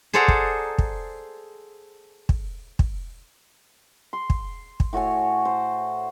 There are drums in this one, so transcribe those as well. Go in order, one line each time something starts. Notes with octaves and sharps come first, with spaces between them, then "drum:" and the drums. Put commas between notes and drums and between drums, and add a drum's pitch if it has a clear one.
G#4 A4 C5 D5 F#5 A#5
drum: kick
drum: kick
drum: kick
drum: kick
C6
drum: kick
drum: kick
A2 F#4 C#5 G#5
C5